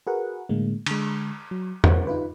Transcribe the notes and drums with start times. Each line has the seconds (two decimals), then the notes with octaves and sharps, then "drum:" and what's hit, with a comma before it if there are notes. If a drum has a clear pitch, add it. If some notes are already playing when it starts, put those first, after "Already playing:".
0.07 F#4 G#4 A#4 B4 F#5
0.49 A2 D3 G#3 A#3
0.86 D3 G#3, drum: cymbal
1.51 F#3
1.84 A#4 C5 C#5 F#5, drum: tom E2
2.07 D#4 F4 B4